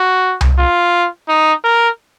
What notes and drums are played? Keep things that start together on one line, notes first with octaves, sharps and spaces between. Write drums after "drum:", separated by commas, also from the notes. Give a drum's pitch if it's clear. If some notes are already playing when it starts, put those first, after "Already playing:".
Already playing: F#4
drum: tom C2
F4
D#4
A#4